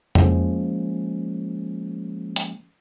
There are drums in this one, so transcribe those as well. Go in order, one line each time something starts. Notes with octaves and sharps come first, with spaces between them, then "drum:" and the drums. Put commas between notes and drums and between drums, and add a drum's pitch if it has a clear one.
F3 G#3 A#3 C#4, drum: tom F2
drum: hi-hat